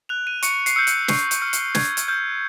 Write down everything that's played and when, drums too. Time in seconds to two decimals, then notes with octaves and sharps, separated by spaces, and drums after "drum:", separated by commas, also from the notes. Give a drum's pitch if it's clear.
0.09 F#6 F7
0.27 D#7
0.43 C#6 C#7, drum: hi-hat
0.66 C7, drum: hi-hat
0.76 E6 G6 C#7
0.87 drum: hi-hat
1.08 C#6 C7, drum: snare
1.31 drum: hi-hat
1.41 F6 C#7
1.53 drum: hi-hat
1.75 C#6 G#6, drum: snare
1.97 drum: hi-hat
2.08 F6 G6